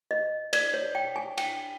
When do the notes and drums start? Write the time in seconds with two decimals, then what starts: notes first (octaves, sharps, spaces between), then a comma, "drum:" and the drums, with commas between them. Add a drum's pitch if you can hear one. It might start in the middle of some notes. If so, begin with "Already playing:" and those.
0.11 D#5
0.53 D5, drum: cymbal
0.74 C#5
0.95 G5
1.16 G#5
1.38 G5, drum: cymbal